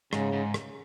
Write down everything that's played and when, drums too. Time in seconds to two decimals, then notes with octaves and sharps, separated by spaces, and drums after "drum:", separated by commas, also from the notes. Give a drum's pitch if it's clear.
0.13 G#2 C#3, drum: rim click
0.33 G#2
0.54 drum: rim click